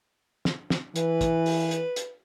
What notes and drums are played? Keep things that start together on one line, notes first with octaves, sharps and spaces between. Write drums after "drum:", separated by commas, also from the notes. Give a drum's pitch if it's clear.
drum: snare
drum: snare
E3 B4, drum: hi-hat
drum: kick, hi-hat
drum: open hi-hat
drum: hi-hat
drum: hi-hat